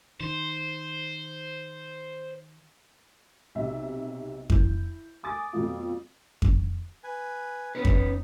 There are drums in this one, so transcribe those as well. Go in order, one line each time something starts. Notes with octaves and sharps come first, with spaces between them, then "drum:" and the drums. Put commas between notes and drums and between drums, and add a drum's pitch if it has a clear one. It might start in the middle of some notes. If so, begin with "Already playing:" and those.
D#3 C5
B1 C3 E5
E4 G6, drum: kick F2
G#5 D6 D#6 A6
F2 B2 F#3 A3 F4
drum: kick F2
B4 G#5
B3 C#4 D#4 B4
drum: kick F2